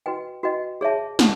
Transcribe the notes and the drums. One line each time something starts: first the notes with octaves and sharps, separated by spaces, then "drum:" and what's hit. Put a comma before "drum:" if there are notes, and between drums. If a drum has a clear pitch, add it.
F#4 B4 D#5 G5
F#4 B4 D#5 G5
G#4 C#5 E5 A5
A5, drum: snare